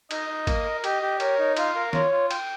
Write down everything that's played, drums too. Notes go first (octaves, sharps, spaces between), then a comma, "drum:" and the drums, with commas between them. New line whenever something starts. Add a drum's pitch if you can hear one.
D#4 D#5, drum: cymbal
D#4
A#3, drum: kick, cymbal
A#4
G4 D#5, drum: cymbal
G4
A#4 C#5, drum: cymbal
D#4
F4 F5, drum: cymbal
A#4
F4 C#5, drum: snare
F4
G5, drum: cymbal